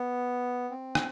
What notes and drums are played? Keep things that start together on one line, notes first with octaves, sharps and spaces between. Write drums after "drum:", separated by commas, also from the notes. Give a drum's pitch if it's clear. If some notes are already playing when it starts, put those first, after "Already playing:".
Already playing: B3
C4
drum: rim click